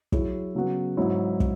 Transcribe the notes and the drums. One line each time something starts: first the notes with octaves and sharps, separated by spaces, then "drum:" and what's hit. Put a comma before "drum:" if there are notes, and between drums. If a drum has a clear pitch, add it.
F#3 E4 G#4 C#5, drum: kick
C#3 F#3 B3 F#4
G#2 F#3 E4 C#5
drum: kick